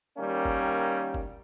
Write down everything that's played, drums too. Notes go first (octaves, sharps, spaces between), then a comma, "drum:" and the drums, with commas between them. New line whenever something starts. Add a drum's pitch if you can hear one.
D#3 G3 A#3 C#4
drum: kick G1
drum: kick G1